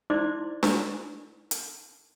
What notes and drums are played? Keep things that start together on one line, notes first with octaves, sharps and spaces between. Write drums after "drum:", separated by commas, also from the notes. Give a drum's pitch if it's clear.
D#4 E4 C5 D5 C6 D6
drum: snare D4
drum: hi-hat